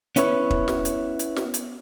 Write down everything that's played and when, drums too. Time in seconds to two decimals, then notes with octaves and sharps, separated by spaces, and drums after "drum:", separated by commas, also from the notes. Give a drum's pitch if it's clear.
0.16 B3 C#4 E4 B4 C#5, drum: hi-hat
0.50 drum: kick
0.68 drum: snare
0.85 drum: hi-hat
1.19 drum: hi-hat
1.36 drum: snare
1.54 drum: hi-hat